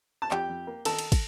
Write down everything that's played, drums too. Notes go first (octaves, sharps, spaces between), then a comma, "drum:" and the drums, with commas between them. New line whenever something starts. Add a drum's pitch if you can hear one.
A5
F2 G4 G5, drum: clap
F2
A#3
D#3 A4 A5, drum: cymbal
drum: cymbal
drum: kick, cymbal